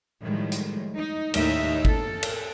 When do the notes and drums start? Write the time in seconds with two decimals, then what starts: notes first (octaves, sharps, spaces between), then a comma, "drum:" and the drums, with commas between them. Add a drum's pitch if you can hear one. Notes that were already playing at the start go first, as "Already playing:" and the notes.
0.22 A2 D#3 F3 G3 G#3
0.52 drum: hi-hat
0.97 D#4
1.34 D#2 A2 D#4 E5, drum: cymbal
1.85 A4, drum: kick G#1
2.23 drum: cymbal